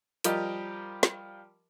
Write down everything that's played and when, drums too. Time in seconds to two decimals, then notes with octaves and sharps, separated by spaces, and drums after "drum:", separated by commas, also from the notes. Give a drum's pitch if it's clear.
0.24 F3 G3 F4 G4 A#4 D#5, drum: hi-hat
1.03 drum: snare